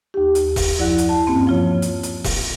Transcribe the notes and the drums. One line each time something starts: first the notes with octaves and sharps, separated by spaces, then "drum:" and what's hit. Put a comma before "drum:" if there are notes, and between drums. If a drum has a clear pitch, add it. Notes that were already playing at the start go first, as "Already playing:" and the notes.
D#2 D#4 G4
drum: hi-hat
drum: kick E1, open hi-hat
F#2 F3 E4 D5 F#5 F#6
drum: hi-hat
A5
G2 E3 A#3 C4 C#4
F3 F4 C#5
drum: hi-hat
drum: hi-hat
drum: kick E1, open hi-hat